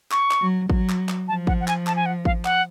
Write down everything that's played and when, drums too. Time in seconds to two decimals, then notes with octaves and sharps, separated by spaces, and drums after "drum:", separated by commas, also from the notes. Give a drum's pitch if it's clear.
0.11 C#6, drum: clap
0.31 drum: clap
0.41 F#3
0.70 F#3, drum: kick G#1
0.89 drum: clap
1.09 drum: clap
1.28 F3 A5
1.47 F#5, drum: kick G#1
1.61 F#5
1.68 G#5, drum: clap
1.87 A5, drum: clap
1.96 G#5
2.06 F#5
2.25 F5, drum: kick G#1
2.45 F#5, drum: clap